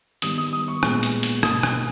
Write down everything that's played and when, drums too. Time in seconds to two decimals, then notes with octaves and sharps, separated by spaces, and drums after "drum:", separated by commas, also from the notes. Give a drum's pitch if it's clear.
0.22 D#3 G3 B3 D#6, drum: hi-hat
0.38 D#6
0.53 D#6
0.68 C#6
0.83 A#2 G#3 B3, drum: rim click
1.03 drum: hi-hat
1.23 drum: hi-hat
1.43 B2 A#3 D#6, drum: rim click
1.63 drum: rim click